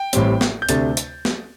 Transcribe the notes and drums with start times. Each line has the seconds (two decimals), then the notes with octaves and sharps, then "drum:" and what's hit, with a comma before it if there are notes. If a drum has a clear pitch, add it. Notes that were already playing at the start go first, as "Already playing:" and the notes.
Already playing: G5
0.13 A1 A2 G3 C4, drum: hi-hat
0.41 drum: snare
0.62 G6
0.69 D2 C3 A3 D4 A6, drum: hi-hat
0.97 drum: hi-hat
1.25 drum: snare